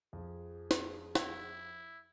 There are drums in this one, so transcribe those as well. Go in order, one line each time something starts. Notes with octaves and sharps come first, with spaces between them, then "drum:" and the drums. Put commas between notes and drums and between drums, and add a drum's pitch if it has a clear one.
F2 F3 G#4
drum: snare
E4, drum: snare